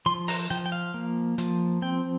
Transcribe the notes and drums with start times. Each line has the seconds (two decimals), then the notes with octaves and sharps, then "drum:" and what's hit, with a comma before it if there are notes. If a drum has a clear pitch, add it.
0.06 F3 C6
0.28 A#5, drum: open hi-hat
0.50 F3 G5
0.66 G5
0.72 F5
0.94 A#3
1.38 F3, drum: hi-hat
1.82 C4 G5